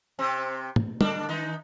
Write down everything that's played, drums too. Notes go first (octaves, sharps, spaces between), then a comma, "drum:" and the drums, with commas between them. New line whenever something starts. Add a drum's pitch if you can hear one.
C3 C4
drum: tom
D3 D4, drum: tom
D#3 D#4